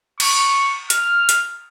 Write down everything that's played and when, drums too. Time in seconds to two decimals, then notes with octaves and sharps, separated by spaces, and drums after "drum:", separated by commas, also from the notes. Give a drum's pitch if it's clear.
0.20 C#6, drum: cymbal
0.90 F6, drum: hi-hat
1.29 drum: hi-hat